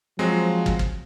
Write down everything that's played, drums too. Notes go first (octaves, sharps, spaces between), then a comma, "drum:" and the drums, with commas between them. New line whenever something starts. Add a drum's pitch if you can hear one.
F3 F#3 G#3 C4
drum: kick
drum: kick